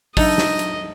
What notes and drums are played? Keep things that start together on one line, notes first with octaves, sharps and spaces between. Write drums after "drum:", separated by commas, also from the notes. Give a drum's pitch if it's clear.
F#3 D4 D#4 A4 D#5 E5, drum: kick, open hi-hat
drum: snare
drum: hi-hat